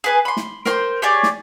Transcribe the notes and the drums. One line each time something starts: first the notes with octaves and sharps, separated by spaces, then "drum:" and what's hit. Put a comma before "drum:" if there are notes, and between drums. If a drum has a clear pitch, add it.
G#4 B4 G#5
B5 C6
drum: snare
A#4 C5 G5 C6, drum: snare
G4 G#4 C#5 D5
drum: snare